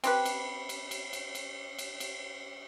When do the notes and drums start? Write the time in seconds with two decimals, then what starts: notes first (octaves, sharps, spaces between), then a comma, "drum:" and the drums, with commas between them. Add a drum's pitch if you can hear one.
0.04 C4 G4 B4, drum: cymbal
0.25 drum: cymbal
0.69 drum: cymbal
0.91 drum: cymbal
1.13 drum: cymbal
1.35 drum: cymbal
1.78 drum: cymbal
2.00 drum: cymbal